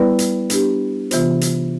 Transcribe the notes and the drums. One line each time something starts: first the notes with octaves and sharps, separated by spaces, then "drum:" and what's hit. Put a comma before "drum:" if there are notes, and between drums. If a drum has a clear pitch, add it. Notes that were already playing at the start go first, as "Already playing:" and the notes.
Already playing: G3 B3 E4 B4 D5
drum: hi-hat
B3 D4 G4, drum: hi-hat
C3 E3 B3 F4 C5, drum: hi-hat
drum: hi-hat